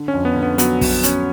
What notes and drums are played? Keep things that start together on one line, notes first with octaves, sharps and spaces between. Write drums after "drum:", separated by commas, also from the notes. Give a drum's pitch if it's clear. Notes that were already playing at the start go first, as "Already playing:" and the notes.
Already playing: D3
C#4
F2
B3
D3
B3
F#3 B3, drum: hi-hat
F#3, drum: kick, open hi-hat
C#4, drum: hi-hat